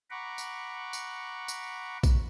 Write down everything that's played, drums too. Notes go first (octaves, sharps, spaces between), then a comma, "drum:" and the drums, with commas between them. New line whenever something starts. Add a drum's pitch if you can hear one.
F#5 A#5 B5 C#6 D6
drum: tambourine
drum: tambourine
drum: tambourine
drum: kick A#1, tambourine